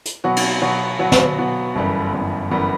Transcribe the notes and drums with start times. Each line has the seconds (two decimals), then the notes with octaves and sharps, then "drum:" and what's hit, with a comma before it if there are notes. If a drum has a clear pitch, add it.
0.05 drum: hi-hat
0.24 B2 F#3 B3 F#4
0.36 drum: cymbal
0.61 B2 F#3 B3 F#4
0.99 B2 F#3 B3 F#4
1.12 drum: snare
1.38 B2 F#3 B3 F#4
1.75 G1 F#2 E3 G3 B3
2.13 G1 F#2 E3 G3 B3
2.51 G1 F#2 E3 G3 B3